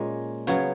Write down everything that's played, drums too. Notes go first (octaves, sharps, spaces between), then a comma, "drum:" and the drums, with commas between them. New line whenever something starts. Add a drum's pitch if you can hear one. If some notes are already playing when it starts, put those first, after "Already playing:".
Already playing: A#2 G#3 C#4
C#3 F#3 B3 C#5, drum: hi-hat